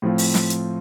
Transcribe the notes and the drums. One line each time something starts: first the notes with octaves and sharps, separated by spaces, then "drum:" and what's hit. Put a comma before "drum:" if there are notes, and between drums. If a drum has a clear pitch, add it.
A2 F3 C4 F4
drum: open hi-hat
drum: snare
drum: hi-hat